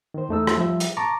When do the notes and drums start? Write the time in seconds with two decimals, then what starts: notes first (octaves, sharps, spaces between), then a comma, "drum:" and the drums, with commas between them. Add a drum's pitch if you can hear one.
0.14 D#3 C5
0.29 E2 A3 D#4 E6
0.47 drum: rim click
0.57 F3 G3 E5
0.80 drum: hi-hat
0.97 A5 A#5 C#6 D6